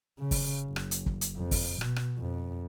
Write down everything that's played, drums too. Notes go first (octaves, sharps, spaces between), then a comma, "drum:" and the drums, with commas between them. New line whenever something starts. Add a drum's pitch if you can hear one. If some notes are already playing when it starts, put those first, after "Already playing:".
C#3
drum: kick, open hi-hat
F#1
drum: rim click
drum: hi-hat
drum: kick
drum: hi-hat
F2
drum: kick, open hi-hat
B2, drum: rim click
drum: rim click
F2